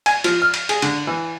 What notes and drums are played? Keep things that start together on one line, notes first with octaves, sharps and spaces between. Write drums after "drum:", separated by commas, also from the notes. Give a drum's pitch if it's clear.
G#5, drum: cymbal
F3, drum: cymbal
F6
drum: cymbal
G#4, drum: cymbal
D3, drum: cymbal
E3